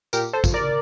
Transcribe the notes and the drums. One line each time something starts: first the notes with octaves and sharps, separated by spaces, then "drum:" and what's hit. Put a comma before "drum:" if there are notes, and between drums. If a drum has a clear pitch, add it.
A#2 G4 A#4, drum: tambourine
A4 C5
F3, drum: kick, tambourine
A#4 D5